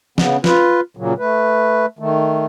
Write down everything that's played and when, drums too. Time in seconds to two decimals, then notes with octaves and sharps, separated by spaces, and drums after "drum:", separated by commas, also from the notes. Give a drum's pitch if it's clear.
0.18 C#3 B3, drum: snare
0.44 F4 B4, drum: snare
0.97 A#2 C#3 F#3
1.18 A3 B4
1.99 D#3 A3